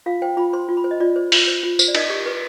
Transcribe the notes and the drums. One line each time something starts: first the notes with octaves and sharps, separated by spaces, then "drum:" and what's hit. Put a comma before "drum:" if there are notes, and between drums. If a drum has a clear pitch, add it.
F4 F5
C5 G5
F4 B5
C5 C6
F4
B5
C5
D#5
F4 D5
C5
F4, drum: open hi-hat
C5
F4
C5, drum: tambourine
D5
D#4 D#5, drum: cymbal
G4
B4